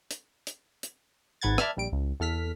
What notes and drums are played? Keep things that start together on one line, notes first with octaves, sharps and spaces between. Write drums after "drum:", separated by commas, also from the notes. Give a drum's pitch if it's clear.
drum: hi-hat
drum: hi-hat
drum: hi-hat
G#1 G#2 B4 F#5 G#6 A6
D5 E5 A5 B5 F6 G#6, drum: rim click
A#1 G3 D7
C#2
E2 A4 F6 B6